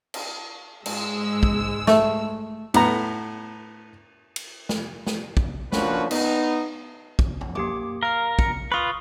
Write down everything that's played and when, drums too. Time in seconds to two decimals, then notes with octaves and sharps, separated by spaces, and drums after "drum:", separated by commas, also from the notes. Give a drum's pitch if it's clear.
0.14 drum: cymbal
0.86 G#2 G#3 E6, drum: cymbal
1.43 drum: kick
1.87 A3, drum: snare
2.74 A2 B3 A#5, drum: cymbal
4.36 drum: cymbal
4.69 drum: snare
5.07 drum: snare
5.37 drum: kick
5.72 F3 A#3 C#4 D4 F#4 B4, drum: snare
6.11 B3 D#4, drum: cymbal
7.19 drum: kick
7.41 drum: tom
7.55 A#3 G4 D6, drum: tom
8.03 A#4 F5 F6
8.39 C#7, drum: kick
8.72 F4 B4 C#6 D#6